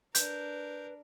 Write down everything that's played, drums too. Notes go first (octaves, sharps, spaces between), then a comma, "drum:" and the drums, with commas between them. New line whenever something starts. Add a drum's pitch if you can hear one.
D4 A#4 B4 G6, drum: hi-hat